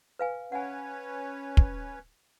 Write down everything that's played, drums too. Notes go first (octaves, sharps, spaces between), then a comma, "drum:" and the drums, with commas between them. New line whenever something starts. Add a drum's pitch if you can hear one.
B4 F5 G#5
C#4 B4 C#5 F#5 G#5
drum: kick